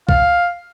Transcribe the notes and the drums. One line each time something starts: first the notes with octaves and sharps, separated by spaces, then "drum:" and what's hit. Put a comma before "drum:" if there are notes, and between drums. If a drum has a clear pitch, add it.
F5, drum: kick